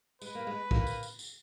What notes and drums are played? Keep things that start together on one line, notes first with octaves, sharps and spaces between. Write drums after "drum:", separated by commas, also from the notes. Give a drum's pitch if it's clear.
G#3 B4, drum: tambourine
A#3
G#3
A#3, drum: kick
drum: tambourine
drum: tambourine
drum: tambourine